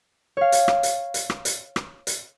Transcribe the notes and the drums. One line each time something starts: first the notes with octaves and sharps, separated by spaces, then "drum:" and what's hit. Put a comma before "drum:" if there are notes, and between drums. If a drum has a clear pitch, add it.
C#5 F5
drum: hi-hat
drum: rim click
drum: hi-hat
drum: hi-hat
drum: rim click
drum: hi-hat
drum: rim click
drum: hi-hat